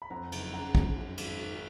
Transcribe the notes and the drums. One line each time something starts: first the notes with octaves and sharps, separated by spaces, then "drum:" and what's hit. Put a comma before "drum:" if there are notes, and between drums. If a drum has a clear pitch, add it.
B5
F2 F#5 A#5
F#1, drum: cymbal
C#3 F#5 A#5
F2, drum: kick
F#2
G#1, drum: cymbal
D#3